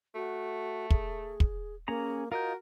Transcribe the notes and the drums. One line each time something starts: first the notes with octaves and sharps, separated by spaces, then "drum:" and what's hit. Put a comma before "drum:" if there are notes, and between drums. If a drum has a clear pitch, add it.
A3 F#4
G#4, drum: kick
drum: kick
A#3 C#4 G#4 A#5
F4 F#4 A#4 D#5 G6